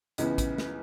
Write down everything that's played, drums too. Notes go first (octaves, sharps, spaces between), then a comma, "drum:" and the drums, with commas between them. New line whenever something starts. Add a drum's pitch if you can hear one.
C#2 C#3 E3 B3, drum: hi-hat
drum: kick, hi-hat
drum: snare